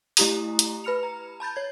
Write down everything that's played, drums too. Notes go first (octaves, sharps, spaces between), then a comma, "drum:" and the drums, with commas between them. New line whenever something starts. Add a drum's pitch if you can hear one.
A3 E4 G4 A#5 D#6, drum: open hi-hat
drum: hi-hat
B4 B5 F6 C#7 F7
A#5
A5 B5 G6 A6
C#5 G#6